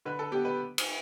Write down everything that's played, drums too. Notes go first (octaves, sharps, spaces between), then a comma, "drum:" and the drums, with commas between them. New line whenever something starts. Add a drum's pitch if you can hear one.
D3 B4
A4
B3 G4
B4
drum: cymbal